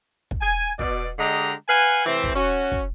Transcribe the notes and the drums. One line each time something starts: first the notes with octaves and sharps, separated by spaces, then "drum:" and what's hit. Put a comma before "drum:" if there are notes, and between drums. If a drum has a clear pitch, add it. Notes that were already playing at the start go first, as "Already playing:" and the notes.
drum: kick
G#5
B2 D5, drum: kick
D3 G#3 G4 D#5 A#5
B4 F5 F#5 G#5
C3 E3 A3 C4
drum: kick
C#4 F#4
drum: kick